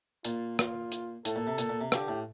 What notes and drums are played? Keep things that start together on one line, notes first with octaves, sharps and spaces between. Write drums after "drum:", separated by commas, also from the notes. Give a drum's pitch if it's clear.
A#2 F4, drum: hi-hat
F4, drum: rim click
drum: hi-hat
A2 A4, drum: hi-hat
A#2
C3
A#2, drum: hi-hat
A#2
C3
D3 G4, drum: rim click
A2